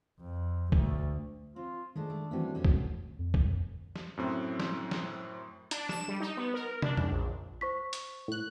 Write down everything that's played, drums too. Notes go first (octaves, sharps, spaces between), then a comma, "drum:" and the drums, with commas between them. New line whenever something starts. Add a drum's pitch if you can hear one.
F2
D2, drum: kick
C4 F4
D#3 G#3 A3 D4 C5
A3
E3 G3 A3 C4 C#4 F#4
F2 B2 C#4
drum: kick
F2
drum: kick
drum: snare
F#2 A2 C4
drum: snare
drum: snare
D4, drum: hi-hat
E7, drum: snare
G3
D#4
B3
A#4
D4, drum: tom
C#2, drum: tom
A#1
C5 C#6 B6
drum: hi-hat
A2 F#6